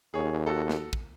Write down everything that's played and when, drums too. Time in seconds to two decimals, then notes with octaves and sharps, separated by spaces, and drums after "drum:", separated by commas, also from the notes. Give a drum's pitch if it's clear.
0.14 D#2 G#4 C#5
0.46 F#4 A4
0.70 drum: snare
0.93 drum: kick